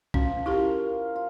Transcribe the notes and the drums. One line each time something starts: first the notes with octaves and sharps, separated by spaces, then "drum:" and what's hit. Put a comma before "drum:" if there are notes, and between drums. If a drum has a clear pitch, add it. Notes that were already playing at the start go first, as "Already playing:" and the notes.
F3 C#4 F#4, drum: kick A#1
E4 F4 G4 A#4
F4